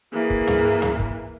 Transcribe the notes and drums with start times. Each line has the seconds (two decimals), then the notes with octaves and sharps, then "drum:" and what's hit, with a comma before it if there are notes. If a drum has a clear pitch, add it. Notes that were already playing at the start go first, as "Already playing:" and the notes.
0.13 E3 A#3 G#4
0.30 drum: kick
0.47 drum: tom
0.82 drum: tom
0.99 drum: kick